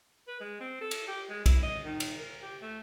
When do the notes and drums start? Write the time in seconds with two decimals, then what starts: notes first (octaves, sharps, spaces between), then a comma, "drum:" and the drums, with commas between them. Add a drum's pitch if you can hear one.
0.28 B4
0.41 G#3
0.60 C4
0.81 A4
0.91 drum: cymbal
1.08 G4
1.30 G#3
1.46 E4, drum: kick, cymbal
1.63 D#5
1.85 D#3
2.00 drum: cymbal
2.19 A#4
2.43 G4
2.62 A3